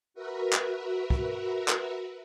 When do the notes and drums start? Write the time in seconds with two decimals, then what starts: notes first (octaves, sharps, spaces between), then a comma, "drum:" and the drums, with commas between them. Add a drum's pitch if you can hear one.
0.14 F#4 A#4 B4 E5
0.53 drum: clap
1.10 drum: kick
1.68 drum: clap